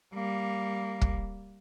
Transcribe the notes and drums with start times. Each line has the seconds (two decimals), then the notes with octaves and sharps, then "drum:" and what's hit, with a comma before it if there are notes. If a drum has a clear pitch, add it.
0.14 G3 A#3
1.01 drum: kick